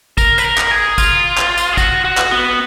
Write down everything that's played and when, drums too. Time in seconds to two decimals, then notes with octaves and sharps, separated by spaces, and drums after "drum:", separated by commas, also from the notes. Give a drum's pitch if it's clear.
0.18 A#4, drum: kick G#1, tambourine
0.38 B4, drum: tambourine
0.45 A#4
0.58 drum: clap
0.71 G#4
0.98 F4, drum: kick G#1, tambourine
1.38 drum: clap
1.58 drum: tambourine
1.73 G#4
1.77 F#4, drum: kick G#1, tambourine
2.05 F#4
2.17 drum: clap
2.31 B3